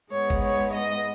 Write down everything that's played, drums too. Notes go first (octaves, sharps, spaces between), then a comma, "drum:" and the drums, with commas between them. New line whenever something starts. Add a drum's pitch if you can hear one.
G#2 G#3 B3 C#5
drum: kick G1
C#5
D#5